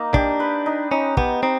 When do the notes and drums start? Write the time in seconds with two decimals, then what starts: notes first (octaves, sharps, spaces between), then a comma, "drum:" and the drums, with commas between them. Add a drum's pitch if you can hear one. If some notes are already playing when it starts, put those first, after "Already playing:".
Already playing: A#3 D#4
0.14 D4 G4, drum: kick
0.40 B4
0.66 D#4
0.92 C#4 D#4
1.17 B3 G4, drum: kick
1.42 C4 D#4